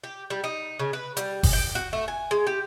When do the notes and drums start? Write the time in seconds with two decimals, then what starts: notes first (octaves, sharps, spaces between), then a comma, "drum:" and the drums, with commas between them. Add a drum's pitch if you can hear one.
0.04 G4
0.30 G3
0.44 D#4
0.79 C#3
0.93 B4
1.17 G3, drum: hi-hat
1.43 drum: kick F#1, open hi-hat
1.53 G5
1.75 F#4
1.93 A3
2.08 G#5
2.31 G#3
2.47 G4